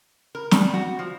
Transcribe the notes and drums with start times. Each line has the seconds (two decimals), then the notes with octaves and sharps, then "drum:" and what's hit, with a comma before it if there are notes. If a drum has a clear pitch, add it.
0.35 A#4
0.51 G3, drum: snare
0.74 F#4
0.99 F3